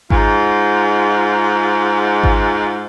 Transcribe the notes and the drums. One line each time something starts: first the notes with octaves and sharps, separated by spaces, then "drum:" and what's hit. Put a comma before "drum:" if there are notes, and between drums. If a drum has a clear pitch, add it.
G#2 F4, drum: kick G#1
drum: kick G#1